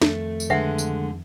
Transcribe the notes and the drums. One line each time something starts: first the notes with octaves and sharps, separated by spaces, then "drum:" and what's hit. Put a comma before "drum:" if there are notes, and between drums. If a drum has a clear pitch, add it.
F2 D#3 A3, drum: snare
drum: tambourine
D3 G#3 B4 E5 F#5
drum: tambourine